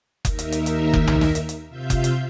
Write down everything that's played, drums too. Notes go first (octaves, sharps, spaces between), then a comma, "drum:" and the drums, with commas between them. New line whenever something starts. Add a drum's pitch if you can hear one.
D#2 D#4 A#4 E5, drum: kick F#1, hi-hat
drum: hi-hat
drum: hi-hat
drum: hi-hat
drum: kick F#1
drum: tom B1
drum: snare
drum: hi-hat
drum: hi-hat
C3 F4 E5 F5 G6
drum: kick F#1, hi-hat
drum: hi-hat